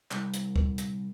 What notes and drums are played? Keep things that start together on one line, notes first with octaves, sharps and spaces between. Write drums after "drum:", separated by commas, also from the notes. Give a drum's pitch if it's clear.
C2, drum: clap
drum: hi-hat
drum: kick
drum: hi-hat